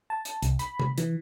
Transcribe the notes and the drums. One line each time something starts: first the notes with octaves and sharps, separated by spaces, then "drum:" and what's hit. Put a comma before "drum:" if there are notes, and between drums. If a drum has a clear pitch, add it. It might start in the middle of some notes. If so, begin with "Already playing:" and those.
A5
drum: hi-hat
C2, drum: hi-hat
B5, drum: hi-hat
drum: tom C3
E3, drum: hi-hat